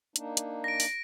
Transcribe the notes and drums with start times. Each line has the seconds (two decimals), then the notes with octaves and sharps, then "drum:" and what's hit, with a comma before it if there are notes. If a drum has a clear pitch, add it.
0.16 A#3 D4 D#4, drum: hi-hat
0.37 drum: hi-hat
0.64 A#6 D7
0.80 drum: open hi-hat